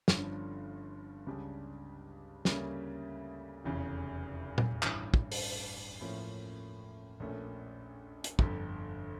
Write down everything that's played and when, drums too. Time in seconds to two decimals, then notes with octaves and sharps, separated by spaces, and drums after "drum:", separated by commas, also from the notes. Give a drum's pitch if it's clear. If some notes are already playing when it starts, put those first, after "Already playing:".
0.08 G1 G2 D3 F3 C#4, drum: snare
1.27 C#2 C#3 G3 D4 G4
2.45 D2 C#3 G3 A#3 C#4, drum: snare
3.64 F1 E2 C#3
4.58 drum: tom
4.82 A1 G2 E3, drum: clap
5.14 drum: kick
5.32 drum: open hi-hat
6.01 A1 A2 F3 A#3 C#4
7.20 A#1 A#2 A3 C#4
8.24 drum: hi-hat
8.39 G1 F2 D3, drum: kick